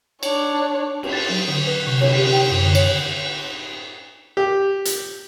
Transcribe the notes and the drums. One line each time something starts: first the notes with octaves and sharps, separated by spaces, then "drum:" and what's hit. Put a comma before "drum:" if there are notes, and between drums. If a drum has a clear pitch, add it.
D4 C#5, drum: cymbal
drum: cymbal
A6
F#3
D3
B4
C3
C#5, drum: cymbal
G4
G5
F#2
D3
C#5, drum: cymbal
G4
drum: hi-hat